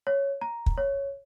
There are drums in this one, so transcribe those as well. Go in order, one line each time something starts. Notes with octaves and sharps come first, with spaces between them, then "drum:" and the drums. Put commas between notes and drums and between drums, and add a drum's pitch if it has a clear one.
C#5
A#5
drum: kick
C#5